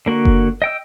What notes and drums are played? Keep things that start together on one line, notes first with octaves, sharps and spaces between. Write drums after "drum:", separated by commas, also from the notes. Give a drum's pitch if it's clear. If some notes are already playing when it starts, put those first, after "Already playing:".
D3 A#3 F#4
drum: kick F#1
D#5 G5 E6